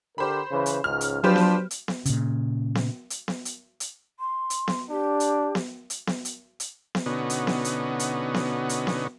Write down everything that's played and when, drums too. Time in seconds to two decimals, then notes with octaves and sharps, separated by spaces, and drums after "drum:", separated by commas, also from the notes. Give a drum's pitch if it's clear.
0.18 D3 G4 A#4 C5 B5
0.52 C#3 E3 B4
0.66 drum: hi-hat
0.84 C#2 G#2 C#3 F6
1.01 drum: hi-hat
1.24 F3 F#3 D4 G4 B4 C5
1.36 drum: snare B3
1.71 drum: hi-hat
1.88 drum: snare B3
2.05 A#2 C#3, drum: hi-hat
2.75 drum: snare B3
3.10 drum: hi-hat
3.28 drum: snare B3
3.45 drum: hi-hat
3.80 drum: hi-hat
4.20 C6
4.50 drum: hi-hat
4.68 drum: snare B3
4.91 D4 G4
5.20 drum: hi-hat
5.55 drum: snare B3
5.90 drum: hi-hat
6.07 drum: snare B3
6.25 drum: hi-hat
6.60 drum: hi-hat
6.95 drum: snare B3
7.06 B2 D3 B3 C#4 D#4 F#4
7.30 drum: hi-hat
7.47 drum: snare B3
7.65 drum: hi-hat
7.99 drum: hi-hat
8.34 drum: snare B3
8.69 drum: hi-hat
8.87 drum: snare B3